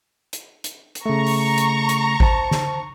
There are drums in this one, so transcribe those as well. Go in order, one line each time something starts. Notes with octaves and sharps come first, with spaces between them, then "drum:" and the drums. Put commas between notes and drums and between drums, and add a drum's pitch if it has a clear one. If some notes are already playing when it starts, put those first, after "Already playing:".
drum: hi-hat
drum: hi-hat
drum: hi-hat
C#3 A3 A#5 C#6
drum: open hi-hat
drum: hi-hat
drum: hi-hat
C5 A5, drum: kick G#1
drum: snare